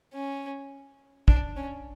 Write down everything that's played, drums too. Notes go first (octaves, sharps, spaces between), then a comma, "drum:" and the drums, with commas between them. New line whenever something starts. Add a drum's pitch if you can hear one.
C#4
D4, drum: kick
C#4